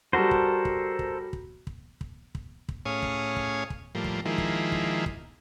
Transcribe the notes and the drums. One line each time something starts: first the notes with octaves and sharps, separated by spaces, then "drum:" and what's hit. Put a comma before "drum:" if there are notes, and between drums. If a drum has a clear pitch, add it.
G3 F#4 A4 A#4 C5
drum: kick
drum: kick
drum: kick
drum: kick
drum: kick
drum: kick
drum: kick
drum: kick
A2 C#4 G#4 C#5 F5 D#6
drum: kick
drum: kick
drum: kick
A2 F3 G3 A#3
drum: kick
D#3 F3 G#3 A#3 E4
drum: kick
drum: kick
drum: kick